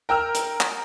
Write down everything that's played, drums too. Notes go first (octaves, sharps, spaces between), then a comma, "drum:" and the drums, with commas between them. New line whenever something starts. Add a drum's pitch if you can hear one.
A#4 G5 E6 F6
drum: hi-hat
drum: clap